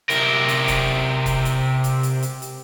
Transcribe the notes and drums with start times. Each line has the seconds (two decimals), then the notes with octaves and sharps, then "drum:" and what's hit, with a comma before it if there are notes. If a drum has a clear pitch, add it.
0.10 C3 A#4, drum: hi-hat
0.48 drum: hi-hat
0.68 drum: kick, hi-hat
1.26 drum: kick, hi-hat
1.45 drum: hi-hat
1.84 drum: hi-hat
2.03 drum: hi-hat
2.23 drum: hi-hat
2.42 drum: hi-hat